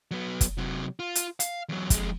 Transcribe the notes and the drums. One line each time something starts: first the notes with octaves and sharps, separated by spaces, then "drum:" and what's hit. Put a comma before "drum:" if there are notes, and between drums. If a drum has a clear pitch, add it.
F#3 B3
drum: kick, hi-hat
C3 F#3
F4
drum: hi-hat
F5, drum: hi-hat
E2 F#3
F2 G#3, drum: kick, hi-hat